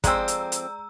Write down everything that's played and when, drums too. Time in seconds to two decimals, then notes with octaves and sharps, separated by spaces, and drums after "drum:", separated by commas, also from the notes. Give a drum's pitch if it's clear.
0.04 F2 G#3 C4 D5 A#5 E6 G6, drum: kick, hi-hat
0.28 drum: hi-hat
0.52 drum: hi-hat